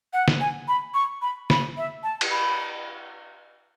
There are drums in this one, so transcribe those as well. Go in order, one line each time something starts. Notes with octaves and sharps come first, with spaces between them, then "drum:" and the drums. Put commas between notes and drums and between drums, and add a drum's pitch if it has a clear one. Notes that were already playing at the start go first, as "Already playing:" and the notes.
F#5
drum: snare
G#5
B5
C#6
B5
B5, drum: snare
E5
A5
drum: cymbal
B5